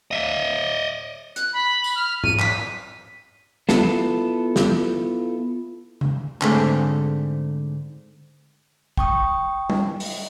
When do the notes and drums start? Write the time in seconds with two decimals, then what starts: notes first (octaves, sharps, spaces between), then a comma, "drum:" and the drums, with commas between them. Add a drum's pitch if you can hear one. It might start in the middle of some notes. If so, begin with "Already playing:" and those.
0.11 D#5 E5
1.36 F#6, drum: hi-hat
1.53 B5
1.84 drum: tambourine
1.95 F6
2.24 D#7, drum: tom G#2
2.39 B6, drum: clap
3.69 B3 E4 F4 A4, drum: snare
4.56 drum: snare
6.01 drum: tom C#3
6.42 G#2 D3 A3 C4 G#4, drum: clap
8.97 G5 C#6 D#6, drum: kick
9.70 drum: tom
10.00 drum: open hi-hat